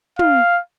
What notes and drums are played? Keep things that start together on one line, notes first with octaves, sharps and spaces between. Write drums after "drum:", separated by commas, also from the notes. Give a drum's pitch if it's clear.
F5, drum: tom